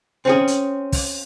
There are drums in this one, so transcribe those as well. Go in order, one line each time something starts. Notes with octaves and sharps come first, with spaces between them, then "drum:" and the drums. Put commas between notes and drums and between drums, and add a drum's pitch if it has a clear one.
C4 C#4 G#4
drum: hi-hat
drum: kick, open hi-hat